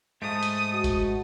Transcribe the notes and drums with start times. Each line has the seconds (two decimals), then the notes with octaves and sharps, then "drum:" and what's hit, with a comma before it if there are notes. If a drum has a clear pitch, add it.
0.22 G#2 G#3 A3 D#6
0.43 drum: hi-hat
0.74 F#4
0.84 drum: kick G1, hi-hat